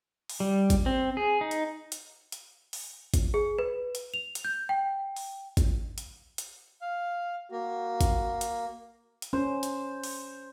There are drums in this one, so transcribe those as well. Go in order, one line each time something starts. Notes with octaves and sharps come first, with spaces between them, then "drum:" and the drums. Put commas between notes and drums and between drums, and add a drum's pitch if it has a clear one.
drum: open hi-hat
G3
drum: kick G#1, hi-hat
C4
G#4
D#4
drum: hi-hat
drum: hi-hat
drum: hi-hat
drum: open hi-hat
drum: kick G#1, hi-hat
G#4
B4
drum: hi-hat
F7
drum: hi-hat
G6
G5
drum: open hi-hat
drum: kick G#1, hi-hat
drum: hi-hat
drum: hi-hat
F5
A#3 F#4
drum: kick G#1, hi-hat
drum: hi-hat
drum: hi-hat
C#4 C5
drum: hi-hat
drum: open hi-hat